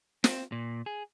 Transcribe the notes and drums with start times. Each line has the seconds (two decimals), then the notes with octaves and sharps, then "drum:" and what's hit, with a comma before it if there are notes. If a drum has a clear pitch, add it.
0.24 C4, drum: snare
0.52 A#2
0.86 G#4